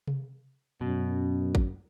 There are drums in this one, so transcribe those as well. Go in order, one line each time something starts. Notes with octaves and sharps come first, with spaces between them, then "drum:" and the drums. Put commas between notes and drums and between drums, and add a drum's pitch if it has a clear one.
drum: tom C3
F#2 B2
drum: kick